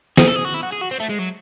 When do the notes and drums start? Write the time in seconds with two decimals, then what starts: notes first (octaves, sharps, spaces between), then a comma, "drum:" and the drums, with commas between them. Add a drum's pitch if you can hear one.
0.17 G#4, drum: snare
0.27 A4
0.36 G#4
0.45 F#4
0.54 E4
0.63 F#4
0.72 G#4
0.81 F#4
0.91 C4
1.00 A3
1.09 G#3
1.19 F#3